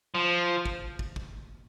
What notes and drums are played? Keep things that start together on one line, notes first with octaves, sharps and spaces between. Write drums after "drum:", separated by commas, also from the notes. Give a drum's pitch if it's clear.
F3
drum: kick
drum: kick
drum: kick